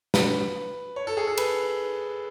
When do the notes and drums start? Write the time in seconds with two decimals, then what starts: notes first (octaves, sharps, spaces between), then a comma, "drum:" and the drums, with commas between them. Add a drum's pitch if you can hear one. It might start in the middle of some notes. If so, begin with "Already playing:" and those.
0.14 B4, drum: snare
0.96 C#5
1.07 A4
1.17 G#4
1.28 A4
1.38 B4, drum: cymbal